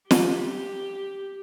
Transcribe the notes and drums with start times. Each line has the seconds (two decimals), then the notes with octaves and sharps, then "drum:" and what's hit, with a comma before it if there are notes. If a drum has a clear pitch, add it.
0.11 G4, drum: snare